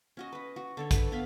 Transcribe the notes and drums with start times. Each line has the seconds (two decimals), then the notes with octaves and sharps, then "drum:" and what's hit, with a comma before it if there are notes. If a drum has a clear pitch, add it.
0.17 C#4 F#4 D#5
0.32 B4 D#5
0.56 F#4
0.77 D3 A4 C#5
0.91 A4 B4, drum: kick, hi-hat
1.12 B3 D#5 F5 B5